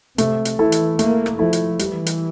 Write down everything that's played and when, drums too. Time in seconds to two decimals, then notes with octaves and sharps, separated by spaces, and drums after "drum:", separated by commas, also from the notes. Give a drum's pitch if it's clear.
0.18 C3 A3, drum: hi-hat
0.45 drum: hi-hat
0.59 E3 E4 A4
0.72 drum: hi-hat
0.99 A3 A#3, drum: hi-hat
1.26 drum: rim click
1.39 F3 E4 A4
1.53 drum: hi-hat
1.79 E3 G3, drum: hi-hat
2.06 drum: hi-hat